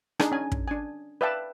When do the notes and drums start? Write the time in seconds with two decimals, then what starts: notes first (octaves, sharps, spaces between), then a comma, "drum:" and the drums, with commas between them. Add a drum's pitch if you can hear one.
0.20 D4 D#4 G#4, drum: rim click
0.32 C#4 G#5
0.52 drum: kick
0.68 D4 G#5
1.21 B4 D5 E5 F5 G5 A5